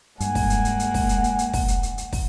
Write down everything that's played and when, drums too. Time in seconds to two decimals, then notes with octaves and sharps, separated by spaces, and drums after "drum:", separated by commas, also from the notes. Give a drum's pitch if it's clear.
0.20 G2 G#3 A#3 F#5 G#5, drum: hi-hat
0.35 drum: kick, open hi-hat
0.50 drum: hi-hat
0.65 drum: hi-hat
0.80 drum: hi-hat
0.94 drum: kick, open hi-hat
1.09 drum: hi-hat
1.24 drum: hi-hat
1.39 drum: hi-hat
1.53 drum: kick, open hi-hat
1.68 drum: hi-hat
1.83 drum: hi-hat
1.98 drum: hi-hat
2.13 drum: kick, open hi-hat